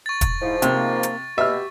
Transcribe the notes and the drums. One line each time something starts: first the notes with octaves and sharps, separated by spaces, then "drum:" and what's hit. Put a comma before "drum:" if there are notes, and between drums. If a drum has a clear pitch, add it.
C#6 A6
drum: kick, hi-hat
G#2 F3 E4
C3 A#3, drum: hi-hat
drum: hi-hat
B2 G4 E5 F6